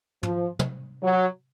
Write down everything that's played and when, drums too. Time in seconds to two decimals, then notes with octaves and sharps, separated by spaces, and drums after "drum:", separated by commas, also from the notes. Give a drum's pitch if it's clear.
0.23 F3, drum: tom
0.59 drum: tom
1.02 F#3